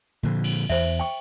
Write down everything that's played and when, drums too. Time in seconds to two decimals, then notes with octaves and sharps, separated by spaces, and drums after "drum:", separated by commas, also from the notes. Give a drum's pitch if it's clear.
0.23 A#2 D3 F3
0.44 drum: cymbal
0.69 E2 C5 E5, drum: cymbal
0.99 G5 C#6